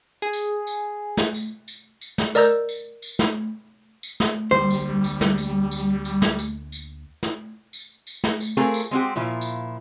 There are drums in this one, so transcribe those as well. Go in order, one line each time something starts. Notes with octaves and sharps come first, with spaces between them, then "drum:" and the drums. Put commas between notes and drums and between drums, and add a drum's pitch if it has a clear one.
G#4
drum: tambourine
drum: tambourine
drum: snare
drum: tambourine
drum: tambourine
drum: tambourine
drum: snare
A#4 D5 D#5 A#5 E6 G6, drum: tambourine
drum: tambourine
drum: tambourine
drum: snare
drum: tambourine
drum: snare
D2 D3 G3 A#3 C5
drum: tambourine
drum: tambourine
drum: snare
drum: tambourine
drum: tambourine
drum: tambourine
drum: snare
drum: tambourine
drum: tambourine
drum: snare
drum: tambourine
drum: tambourine
drum: snare
drum: tambourine
A3 C4 F4 G#4 A#4
drum: tambourine
G#3 C4 F#4 G4
A#2 F3 E4
drum: tambourine